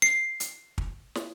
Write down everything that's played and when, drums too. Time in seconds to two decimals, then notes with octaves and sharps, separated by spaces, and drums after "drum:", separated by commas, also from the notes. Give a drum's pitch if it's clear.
0.02 C7
0.40 drum: hi-hat
0.78 drum: kick
1.15 drum: snare